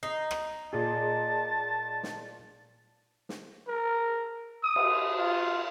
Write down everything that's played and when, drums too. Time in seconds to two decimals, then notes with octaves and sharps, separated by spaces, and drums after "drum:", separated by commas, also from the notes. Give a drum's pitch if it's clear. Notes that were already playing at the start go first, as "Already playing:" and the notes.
0.03 D#4 C7
0.31 drum: rim click
0.73 A#2 G#4 A5
2.03 drum: snare
3.29 drum: snare
3.68 A#4
4.63 D#6
4.76 drum: cymbal
5.19 F4